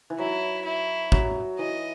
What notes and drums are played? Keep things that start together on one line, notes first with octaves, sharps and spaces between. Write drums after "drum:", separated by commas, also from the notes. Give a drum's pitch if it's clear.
E3
F#3 E4
E4
F#3, drum: kick A1
E3 D#5